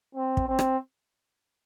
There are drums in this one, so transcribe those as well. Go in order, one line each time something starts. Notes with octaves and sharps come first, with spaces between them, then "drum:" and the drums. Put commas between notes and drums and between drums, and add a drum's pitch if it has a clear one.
C4
drum: kick
C4
drum: rim click